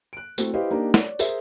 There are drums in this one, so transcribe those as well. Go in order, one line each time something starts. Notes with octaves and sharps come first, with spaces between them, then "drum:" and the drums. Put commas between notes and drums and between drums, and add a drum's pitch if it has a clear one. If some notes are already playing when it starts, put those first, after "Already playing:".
F#6 D7
A3 C4 E4 F#4 A4, drum: tambourine
E4 G4 B4 C5 D#5 F5
A#3 D4 D#4 G4
C#5 D5, drum: snare
G#4 A#4 C5 E5, drum: tambourine